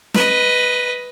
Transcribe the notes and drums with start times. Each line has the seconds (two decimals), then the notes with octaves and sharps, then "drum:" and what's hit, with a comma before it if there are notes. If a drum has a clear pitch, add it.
0.14 B4 D#5, drum: snare